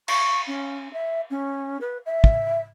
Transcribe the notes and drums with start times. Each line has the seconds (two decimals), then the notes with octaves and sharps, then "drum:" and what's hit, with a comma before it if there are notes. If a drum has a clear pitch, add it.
0.08 C#6, drum: cymbal
0.47 C#4
0.93 E5
1.30 C#4
1.81 B4
2.06 E5
2.24 drum: kick